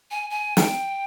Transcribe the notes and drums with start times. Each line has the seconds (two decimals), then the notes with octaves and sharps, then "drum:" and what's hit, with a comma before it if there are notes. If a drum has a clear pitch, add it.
0.11 G#5
0.30 G#5
0.57 G5, drum: snare